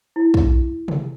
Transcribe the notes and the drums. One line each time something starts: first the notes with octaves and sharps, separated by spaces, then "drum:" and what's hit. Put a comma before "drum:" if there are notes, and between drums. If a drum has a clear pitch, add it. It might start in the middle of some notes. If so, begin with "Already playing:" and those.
E4
drum: kick
drum: tom C3